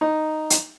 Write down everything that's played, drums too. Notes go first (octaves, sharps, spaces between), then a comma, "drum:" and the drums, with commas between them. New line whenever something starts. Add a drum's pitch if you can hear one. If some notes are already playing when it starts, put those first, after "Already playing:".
D#4
drum: hi-hat